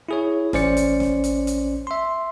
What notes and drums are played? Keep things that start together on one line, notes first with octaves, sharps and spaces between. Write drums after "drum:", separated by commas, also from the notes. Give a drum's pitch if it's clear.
E4 G#4 C#5
A1 C#4 C5 D5 C#7, drum: snare
drum: hi-hat
drum: snare
drum: hi-hat
drum: hi-hat
E5 C6